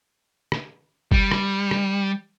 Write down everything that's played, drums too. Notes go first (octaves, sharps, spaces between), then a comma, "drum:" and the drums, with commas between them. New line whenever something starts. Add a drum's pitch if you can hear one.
drum: rim click
G3, drum: kick
drum: rim click
drum: rim click